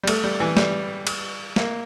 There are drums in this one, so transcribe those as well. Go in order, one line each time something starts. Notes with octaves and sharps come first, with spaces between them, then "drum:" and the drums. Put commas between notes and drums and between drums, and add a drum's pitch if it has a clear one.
G3
A3, drum: cymbal
G3
E3
G3, drum: snare
drum: cymbal
A#3, drum: snare